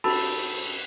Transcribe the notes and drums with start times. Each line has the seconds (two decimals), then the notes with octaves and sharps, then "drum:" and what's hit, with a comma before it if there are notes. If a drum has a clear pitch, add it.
0.04 F#4 A4 A5 B5 E6 A6, drum: cymbal